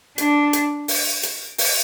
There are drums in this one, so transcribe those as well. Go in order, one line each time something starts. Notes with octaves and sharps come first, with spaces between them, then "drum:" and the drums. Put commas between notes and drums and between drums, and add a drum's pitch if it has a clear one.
D4, drum: hi-hat
drum: hi-hat
drum: open hi-hat
drum: hi-hat
drum: open hi-hat